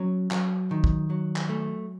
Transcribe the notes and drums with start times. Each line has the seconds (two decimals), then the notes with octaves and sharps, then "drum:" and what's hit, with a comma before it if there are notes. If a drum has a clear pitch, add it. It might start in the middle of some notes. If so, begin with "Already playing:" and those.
Already playing: F#3 C#4
0.31 F#3, drum: clap
0.71 D#3
0.84 drum: kick
1.10 F#3
1.36 drum: clap
1.49 A3